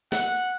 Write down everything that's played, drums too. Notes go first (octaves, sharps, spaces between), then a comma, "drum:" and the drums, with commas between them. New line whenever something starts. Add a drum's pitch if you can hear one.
F#5, drum: snare